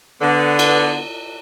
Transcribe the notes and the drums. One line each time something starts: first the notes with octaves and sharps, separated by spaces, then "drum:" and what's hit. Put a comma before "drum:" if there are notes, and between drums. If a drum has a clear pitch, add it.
D3 B3
drum: cymbal